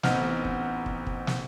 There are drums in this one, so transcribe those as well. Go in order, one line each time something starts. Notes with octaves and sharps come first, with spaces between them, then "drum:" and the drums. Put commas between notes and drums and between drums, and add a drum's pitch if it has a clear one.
A1 B3 C4 D#4 F#5 F6, drum: snare
drum: kick
drum: kick
drum: kick
drum: snare